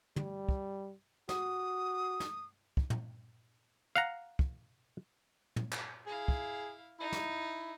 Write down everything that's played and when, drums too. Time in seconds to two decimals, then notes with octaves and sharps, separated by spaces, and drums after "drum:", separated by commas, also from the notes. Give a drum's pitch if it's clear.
0.16 G3, drum: tom
0.49 drum: kick
1.29 F#4 D#6, drum: snare
2.20 drum: snare
2.77 drum: kick
2.90 drum: tom
3.96 F5 F#5 A#5, drum: hi-hat
4.39 drum: kick
5.56 drum: tom
5.72 drum: clap
6.07 E4 G#4 F5
6.28 drum: kick
7.00 D#4 E4
7.13 drum: snare